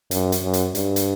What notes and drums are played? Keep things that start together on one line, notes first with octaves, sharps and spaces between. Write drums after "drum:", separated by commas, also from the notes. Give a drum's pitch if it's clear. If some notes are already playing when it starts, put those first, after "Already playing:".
F#2, drum: hi-hat
drum: hi-hat
F#2
drum: hi-hat
G2, drum: hi-hat
drum: hi-hat